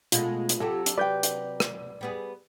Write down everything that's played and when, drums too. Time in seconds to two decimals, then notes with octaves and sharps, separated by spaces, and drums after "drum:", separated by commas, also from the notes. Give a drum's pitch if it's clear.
0.12 B2 G#3 A3 F4, drum: hi-hat
0.49 drum: hi-hat
0.60 C3 F#3 G4 A4
0.86 drum: hi-hat
0.98 B4 D5 G5 G6
1.23 drum: hi-hat
1.60 drum: rim click
2.01 G3 B3 G#4